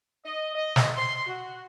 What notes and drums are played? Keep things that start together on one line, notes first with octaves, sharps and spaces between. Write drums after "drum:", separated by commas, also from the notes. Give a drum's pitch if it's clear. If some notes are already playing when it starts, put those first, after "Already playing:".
D#5
D#5
drum: snare
C6
F#4